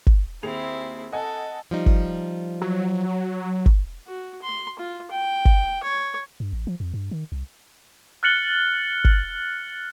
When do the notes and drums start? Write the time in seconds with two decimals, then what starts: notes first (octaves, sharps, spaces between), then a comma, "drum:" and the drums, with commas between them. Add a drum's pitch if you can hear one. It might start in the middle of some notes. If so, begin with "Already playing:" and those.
0.07 drum: kick G1
0.43 D#2 C4 E4 G#4 F7
1.12 A4 D#5 F#5 G#5
1.71 F3 G3 D#4
1.86 drum: kick G1
2.62 F#3
3.66 drum: kick G1
4.07 F#4
4.42 C6
4.79 F4
5.11 G5
5.45 drum: kick G1
5.83 C#5
6.40 G2
6.53 A1
6.67 F3
6.80 F2
6.94 G2
7.11 D#3
7.32 C2
8.23 F6 F#6 A6 C#7 F#7 G7
9.05 drum: kick G1